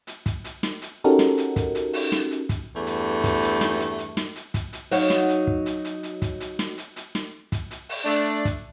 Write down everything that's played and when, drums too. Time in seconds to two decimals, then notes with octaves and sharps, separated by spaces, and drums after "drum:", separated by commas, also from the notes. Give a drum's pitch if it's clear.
0.07 drum: hi-hat
0.26 drum: kick, hi-hat
0.44 drum: hi-hat
0.63 drum: snare
0.82 drum: hi-hat
1.04 C#4 D#4 F#4 G4 A4 A#4
1.19 drum: snare
1.38 drum: hi-hat
1.56 drum: kick, hi-hat
1.75 drum: hi-hat
1.93 drum: open hi-hat
2.12 drum: snare
2.31 drum: hi-hat
2.49 drum: kick, hi-hat
2.75 E2 G2 A3
2.87 drum: hi-hat
3.24 drum: kick, hi-hat
3.42 drum: hi-hat
3.61 drum: snare
3.80 drum: hi-hat
3.98 drum: hi-hat
4.17 drum: snare
4.36 drum: hi-hat
4.54 drum: kick, hi-hat
4.73 drum: hi-hat
4.91 F#3 D#4 F#4 C#5 F5, drum: open hi-hat
5.10 drum: snare
5.29 drum: hi-hat
5.47 drum: kick
5.66 drum: hi-hat
5.84 drum: hi-hat
6.03 drum: hi-hat
6.22 drum: kick, hi-hat
6.40 drum: hi-hat
6.59 drum: snare
6.78 drum: hi-hat
6.96 drum: hi-hat
7.15 drum: snare
7.52 drum: kick, hi-hat
7.71 drum: hi-hat
7.89 drum: open hi-hat
8.05 A3 D4
8.45 drum: kick, hi-hat